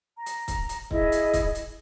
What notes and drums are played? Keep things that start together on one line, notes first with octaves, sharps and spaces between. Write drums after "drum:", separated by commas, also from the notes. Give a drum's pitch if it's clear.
A#5
drum: hi-hat
drum: kick, hi-hat
drum: hi-hat
E4 G#4 D#5, drum: kick
drum: hi-hat
drum: kick, hi-hat
drum: hi-hat